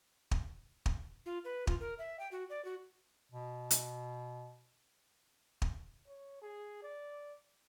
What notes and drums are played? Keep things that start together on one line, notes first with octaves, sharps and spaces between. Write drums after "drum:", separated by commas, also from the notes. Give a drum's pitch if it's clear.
drum: kick
drum: kick
F4
B4
F4, drum: kick
A#4
E5
G5
F#4
D5
F#4
B2
drum: hi-hat
drum: kick
C#5
G#4
D5